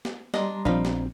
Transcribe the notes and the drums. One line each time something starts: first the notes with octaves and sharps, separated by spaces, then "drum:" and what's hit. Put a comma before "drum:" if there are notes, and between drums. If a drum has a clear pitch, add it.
drum: snare
G3 D4 D#5 A#5 C6, drum: snare
A#1 F3 C4 D4 D#4 F5 B5
drum: snare